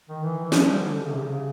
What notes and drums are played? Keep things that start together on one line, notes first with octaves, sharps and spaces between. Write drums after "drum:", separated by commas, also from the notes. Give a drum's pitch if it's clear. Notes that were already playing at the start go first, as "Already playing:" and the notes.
D#3
E3
E3
F3, drum: snare
G3
D3
D3
C#3
C3
C#3